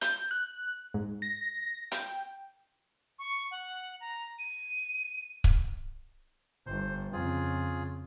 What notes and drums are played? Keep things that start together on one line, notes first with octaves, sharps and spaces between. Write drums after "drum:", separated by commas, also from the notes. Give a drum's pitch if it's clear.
G6, drum: hi-hat
F#6
G#2
A#6
G5, drum: hi-hat
C#6
F#5
A#5
D#7
drum: kick C#1
G1 C5
F2 C#3 F4 G#4